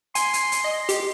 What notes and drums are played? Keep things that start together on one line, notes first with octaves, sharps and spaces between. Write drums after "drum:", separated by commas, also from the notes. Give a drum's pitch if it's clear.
G#5 C6, drum: hi-hat
drum: hi-hat
drum: hi-hat
D#5
G4, drum: hi-hat